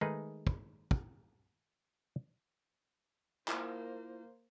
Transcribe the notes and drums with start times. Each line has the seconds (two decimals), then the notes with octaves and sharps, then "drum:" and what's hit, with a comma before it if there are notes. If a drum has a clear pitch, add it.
0.01 D#3 G#3 A3 D#4 G#4 B4
0.47 drum: kick
0.91 drum: kick
3.48 A#3 E4 F4 A#4 C5, drum: clap